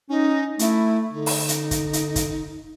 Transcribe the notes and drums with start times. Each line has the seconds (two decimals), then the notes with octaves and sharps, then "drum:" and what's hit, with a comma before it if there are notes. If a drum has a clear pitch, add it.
0.09 C#4 D#4
0.59 A3 E4, drum: hi-hat
1.12 D3 D#4
1.26 drum: open hi-hat
1.49 drum: hi-hat
1.71 drum: kick, hi-hat
1.93 drum: hi-hat
2.16 drum: kick, hi-hat